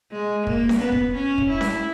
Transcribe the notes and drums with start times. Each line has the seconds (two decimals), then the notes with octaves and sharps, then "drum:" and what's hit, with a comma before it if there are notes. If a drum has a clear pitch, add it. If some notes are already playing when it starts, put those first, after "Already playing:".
0.12 G#3
0.47 A#3, drum: kick
0.69 drum: snare C#4
0.81 B3
0.92 drum: kick
1.15 C#4
1.38 drum: kick
1.49 E4
1.61 drum: snare C#4